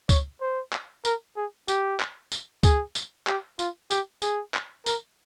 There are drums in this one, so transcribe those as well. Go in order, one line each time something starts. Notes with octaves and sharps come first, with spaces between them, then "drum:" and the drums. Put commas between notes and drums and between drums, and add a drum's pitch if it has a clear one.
C#5, drum: kick C#2, tambourine
C5
drum: clap
A#4, drum: tambourine
G#4
G4, drum: tambourine
drum: clap
drum: tambourine
G#4, drum: kick C#2, tambourine
drum: tambourine
G4, drum: clap
F4, drum: tambourine
G4, drum: tambourine
G#4, drum: tambourine
drum: clap
A#4, drum: tambourine